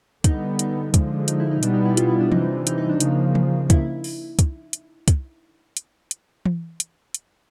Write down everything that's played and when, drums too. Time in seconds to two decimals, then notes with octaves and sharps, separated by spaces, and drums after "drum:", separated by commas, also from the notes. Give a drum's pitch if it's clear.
0.24 D3 G3 B3 D#4, drum: kick, hi-hat
0.59 D#4, drum: hi-hat
0.94 D3 F3 G#3, drum: kick, hi-hat
1.28 D#4, drum: hi-hat
1.40 E4
1.51 D#4
1.63 B2 G3 B3 D4, drum: hi-hat
1.74 D#4
1.85 E4
1.97 F4, drum: hi-hat
2.09 E4
2.20 D4
2.32 C3 E3 G3 D#4, drum: tom E3
2.67 D#4, drum: hi-hat
2.78 D#4
2.89 D4
3.00 C#3 F3 A#3 D#4, drum: hi-hat
3.35 drum: tom E3
3.70 E4, drum: kick, hi-hat
4.04 drum: open hi-hat
4.39 drum: kick, hi-hat
4.73 drum: hi-hat
5.08 drum: kick, hi-hat
5.77 drum: hi-hat
6.11 drum: hi-hat
6.46 drum: tom E3
6.80 drum: hi-hat
7.14 drum: hi-hat